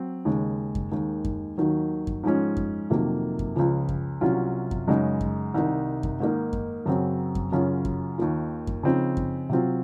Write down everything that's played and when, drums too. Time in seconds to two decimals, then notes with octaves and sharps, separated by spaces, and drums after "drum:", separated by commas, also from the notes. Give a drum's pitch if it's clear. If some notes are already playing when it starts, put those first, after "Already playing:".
Already playing: F#3 C4
0.25 D#2 C#3 G#3
0.75 drum: kick F#2
0.92 D#2 D#3 G#3
1.25 drum: kick F#2
1.58 D#2 D#3 F#3
2.07 drum: kick F#2
2.23 G#2 F3 G#3 C#4
2.57 drum: kick F#2
2.90 F2 C3 D#3 F#3 A#3
3.39 drum: kick F#2
3.56 C#2 C#3 F3
3.89 drum: kick F#2
4.21 C2 C3 F#3 C#4 F4
4.71 drum: kick F#2
4.88 F#2 C#3 G#3 D#4
5.21 drum: kick F#2
5.54 C2 C3 D#3
6.03 drum: kick F#2
6.20 G#2 D#3 A#3 D#4
6.53 drum: kick F#2
6.86 F#2 C#3 F#3 C4
7.35 drum: kick F#2
7.52 F#2 C#3 F#3 C#4 F4
7.85 drum: kick F#2
8.18 D#2 D#3 A#3 F4
8.67 drum: kick F#2
8.83 C#3 F3 C4 D#4
9.17 drum: kick F#2
9.49 C3 F#3 C4 F4